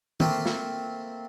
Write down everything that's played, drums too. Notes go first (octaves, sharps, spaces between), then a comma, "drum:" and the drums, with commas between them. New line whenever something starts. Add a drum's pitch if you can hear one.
A3 A#3 C4, drum: tom D#3
drum: snare